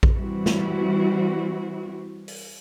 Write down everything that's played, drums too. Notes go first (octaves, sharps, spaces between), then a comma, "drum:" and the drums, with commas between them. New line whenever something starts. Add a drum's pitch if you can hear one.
drum: kick A#1
E3 G3 C4 E4 F#4
drum: snare
drum: open hi-hat